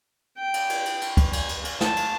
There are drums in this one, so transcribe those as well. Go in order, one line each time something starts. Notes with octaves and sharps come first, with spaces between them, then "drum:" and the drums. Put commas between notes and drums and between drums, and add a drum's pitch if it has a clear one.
G5
drum: cymbal
drum: cymbal
drum: cymbal
drum: cymbal
drum: kick, cymbal
G#5, drum: cymbal
drum: cymbal
drum: cymbal
A5, drum: snare
drum: cymbal